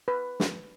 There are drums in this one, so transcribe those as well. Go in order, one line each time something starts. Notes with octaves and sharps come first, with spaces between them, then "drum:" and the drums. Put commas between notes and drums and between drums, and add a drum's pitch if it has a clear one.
B4
drum: snare